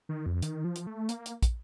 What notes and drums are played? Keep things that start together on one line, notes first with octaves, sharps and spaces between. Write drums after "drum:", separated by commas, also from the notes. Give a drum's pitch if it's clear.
D#3
F2
D#3, drum: hi-hat
F3
drum: hi-hat
A3
A#3, drum: hi-hat
drum: hi-hat
drum: kick, hi-hat